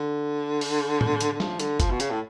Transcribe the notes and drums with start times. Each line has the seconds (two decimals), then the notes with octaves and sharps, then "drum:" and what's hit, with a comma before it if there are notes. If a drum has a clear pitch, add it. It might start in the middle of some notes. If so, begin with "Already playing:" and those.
Already playing: D3
0.61 drum: open hi-hat
1.01 drum: tom A2
1.21 drum: hi-hat
1.33 D3
1.40 F3, drum: snare
1.60 D3, drum: hi-hat
1.80 F3, drum: kick, hi-hat
1.91 B2
2.00 C#3, drum: hi-hat
2.10 A2